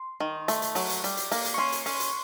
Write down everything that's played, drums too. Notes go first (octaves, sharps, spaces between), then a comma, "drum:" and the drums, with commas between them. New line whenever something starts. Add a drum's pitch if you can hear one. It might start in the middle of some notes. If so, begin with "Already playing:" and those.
Already playing: C6
D#3
A3, drum: hi-hat
drum: hi-hat
F#3, drum: open hi-hat
drum: hi-hat
G3, drum: hi-hat
drum: hi-hat
A#3, drum: open hi-hat
drum: hi-hat
C#6
C#4 C6
drum: hi-hat
C#4, drum: open hi-hat
drum: hi-hat